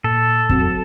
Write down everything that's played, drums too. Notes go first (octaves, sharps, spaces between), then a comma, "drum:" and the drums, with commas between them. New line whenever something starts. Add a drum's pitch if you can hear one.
A#2 A4
F#3 C4 F#4, drum: kick F2